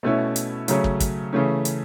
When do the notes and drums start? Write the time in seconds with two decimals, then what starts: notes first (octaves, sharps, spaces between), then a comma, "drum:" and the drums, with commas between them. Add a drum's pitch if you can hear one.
0.03 B2 A3 C#4 E4
0.36 drum: hi-hat
0.68 C#3 F#3 A3 C#4, drum: hi-hat
0.84 drum: kick
1.00 drum: kick, hi-hat
1.33 C#3 E3 A3 C#4
1.65 drum: hi-hat